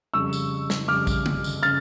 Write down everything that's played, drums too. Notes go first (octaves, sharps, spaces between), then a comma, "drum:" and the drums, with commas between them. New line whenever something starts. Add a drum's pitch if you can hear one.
F2 C#3 G3 C#6 E6
drum: tambourine
drum: snare
F2 C#3 G3 D6 F6
drum: kick, tambourine
drum: tom
drum: tambourine
C#3 F6 A6